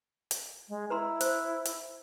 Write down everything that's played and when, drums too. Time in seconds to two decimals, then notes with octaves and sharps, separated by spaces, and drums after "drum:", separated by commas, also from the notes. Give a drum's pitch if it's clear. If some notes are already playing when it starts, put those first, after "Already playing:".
0.31 drum: hi-hat
0.69 G#3
0.90 E4 B4 A#5 C6
1.21 C5, drum: hi-hat
1.65 drum: hi-hat